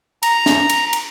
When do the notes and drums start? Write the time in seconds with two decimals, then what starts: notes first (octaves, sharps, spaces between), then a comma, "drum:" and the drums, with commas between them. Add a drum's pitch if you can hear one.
0.23 A#5, drum: cymbal
0.46 drum: snare
0.69 drum: cymbal
0.93 drum: cymbal